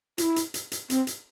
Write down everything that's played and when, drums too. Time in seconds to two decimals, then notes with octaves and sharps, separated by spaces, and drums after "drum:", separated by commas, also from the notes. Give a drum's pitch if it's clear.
0.18 F4, drum: hi-hat
0.22 E4
0.36 drum: hi-hat
0.54 drum: hi-hat
0.72 drum: hi-hat
0.90 C4, drum: hi-hat
1.07 drum: hi-hat